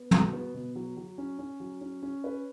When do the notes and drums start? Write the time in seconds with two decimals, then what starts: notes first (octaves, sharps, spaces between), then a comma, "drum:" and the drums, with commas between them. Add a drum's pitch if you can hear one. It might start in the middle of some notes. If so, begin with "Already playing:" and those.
Already playing: B3
0.11 F#4, drum: tom
0.33 B3
0.54 B2
0.76 F#3
0.97 F#3
1.18 C#4
1.39 C#4
1.60 F#3
1.81 C#4
2.03 C#4
2.24 B4